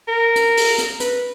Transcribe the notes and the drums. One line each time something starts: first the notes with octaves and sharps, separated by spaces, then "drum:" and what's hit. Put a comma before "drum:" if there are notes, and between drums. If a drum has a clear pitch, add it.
A#4
drum: hi-hat
drum: open hi-hat
drum: hi-hat
B4, drum: hi-hat